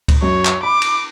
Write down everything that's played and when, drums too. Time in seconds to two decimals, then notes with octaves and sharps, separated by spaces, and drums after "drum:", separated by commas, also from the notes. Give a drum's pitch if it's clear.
0.08 drum: kick C#2, cymbal
0.22 F#2 C#5
0.45 drum: clap
0.63 B5 D6
0.82 drum: cymbal